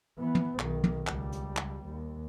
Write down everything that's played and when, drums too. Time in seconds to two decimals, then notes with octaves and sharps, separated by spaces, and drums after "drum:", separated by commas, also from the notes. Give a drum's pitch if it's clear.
0.18 E3 B3
0.35 drum: tom
0.59 B1 D#3, drum: clap
0.84 drum: tom
1.07 C#2 G3, drum: clap
1.32 drum: hi-hat
1.57 drum: clap
1.85 D#2